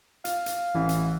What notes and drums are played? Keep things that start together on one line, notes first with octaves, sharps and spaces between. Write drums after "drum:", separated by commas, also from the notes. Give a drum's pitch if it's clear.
F5, drum: hi-hat
drum: hi-hat
A1 E3
drum: hi-hat